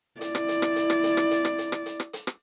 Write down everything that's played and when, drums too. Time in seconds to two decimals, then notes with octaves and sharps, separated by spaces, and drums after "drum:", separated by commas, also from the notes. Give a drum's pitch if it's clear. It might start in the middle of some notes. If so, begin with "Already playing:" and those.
0.21 E4 D5, drum: hi-hat
0.35 drum: rim click
0.48 drum: hi-hat
0.62 drum: rim click
0.76 drum: hi-hat
0.90 drum: rim click
1.03 drum: hi-hat
1.17 drum: rim click
1.31 drum: hi-hat
1.45 drum: rim click
1.58 drum: hi-hat
1.72 drum: rim click
1.86 drum: hi-hat
2.00 drum: rim click
2.13 drum: hi-hat
2.27 drum: rim click